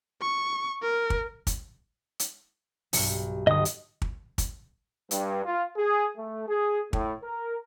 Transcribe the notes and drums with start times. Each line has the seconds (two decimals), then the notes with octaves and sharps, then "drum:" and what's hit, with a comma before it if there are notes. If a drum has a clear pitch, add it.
0.21 C#6
0.82 A#4
1.10 drum: kick
1.47 drum: kick, hi-hat
2.19 drum: hi-hat
2.93 B1 G2, drum: open hi-hat
3.47 G1 D#5 D#6
3.65 drum: hi-hat
4.02 drum: kick
4.38 drum: kick, hi-hat
5.11 G2, drum: hi-hat
5.46 F4
5.77 G#4
6.17 A3
6.49 G#4
6.93 A2, drum: kick
7.23 A#4